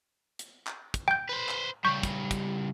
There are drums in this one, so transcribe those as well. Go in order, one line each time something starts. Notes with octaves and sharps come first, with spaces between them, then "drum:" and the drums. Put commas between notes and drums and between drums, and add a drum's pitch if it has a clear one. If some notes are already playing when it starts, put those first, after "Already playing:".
drum: hi-hat
drum: clap
drum: kick, hi-hat
G5 G6
B4 C5
drum: clap
C#3 G3 C#6 G6 B6
drum: kick, hi-hat
drum: kick, hi-hat